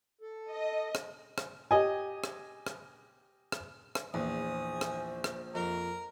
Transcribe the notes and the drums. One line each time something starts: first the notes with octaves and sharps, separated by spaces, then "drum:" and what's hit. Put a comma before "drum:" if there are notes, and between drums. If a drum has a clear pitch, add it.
A4
D#5
drum: rim click
drum: rim click
G4 D#5 G#5
drum: rim click
drum: rim click
drum: rim click
drum: rim click
A#1 E2 C5 G#5 D#6
drum: rim click
drum: rim click
F2 A#4 A#5